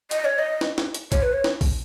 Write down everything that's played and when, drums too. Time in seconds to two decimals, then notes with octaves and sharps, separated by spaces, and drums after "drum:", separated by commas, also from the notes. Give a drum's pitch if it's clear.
0.11 D#5, drum: hi-hat
0.25 C#5
0.39 D#5
0.61 drum: snare
0.78 drum: snare
0.94 drum: hi-hat
1.12 C#5, drum: kick A#1, hi-hat
1.22 B4
1.33 C#5
1.44 drum: snare
1.61 drum: kick A#1, open hi-hat